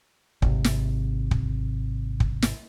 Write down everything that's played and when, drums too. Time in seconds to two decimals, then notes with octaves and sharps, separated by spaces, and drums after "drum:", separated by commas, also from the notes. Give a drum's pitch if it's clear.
0.42 G#1 C3, drum: kick
0.64 drum: snare
1.31 drum: kick
2.20 drum: kick
2.42 drum: snare